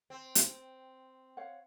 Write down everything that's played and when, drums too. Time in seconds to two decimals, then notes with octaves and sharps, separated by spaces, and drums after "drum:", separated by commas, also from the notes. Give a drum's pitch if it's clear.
0.10 C4
0.35 drum: hi-hat
1.37 C#5 F5 F#5